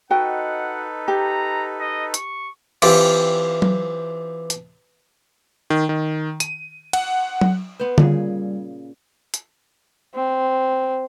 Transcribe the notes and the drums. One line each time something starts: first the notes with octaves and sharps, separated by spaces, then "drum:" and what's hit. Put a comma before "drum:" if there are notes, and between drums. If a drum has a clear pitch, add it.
D#4 F#4 A4 B4 D#5 F#5 G5
G4 A#5
D#5
C#6, drum: hi-hat
E3 C4 F4 G4, drum: cymbal
drum: tom F#3
drum: hi-hat
D#3
D#3
D#7, drum: hi-hat
F#5, drum: cymbal
drum: tom F#3
B3 B4 C5
A#2 C#3 G3 G#4, drum: tom D3
drum: hi-hat
C4